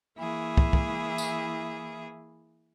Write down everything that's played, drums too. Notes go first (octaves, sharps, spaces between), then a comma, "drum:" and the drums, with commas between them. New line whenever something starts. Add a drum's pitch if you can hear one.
E3 A#3 E4 G#4
drum: kick
drum: kick
drum: tambourine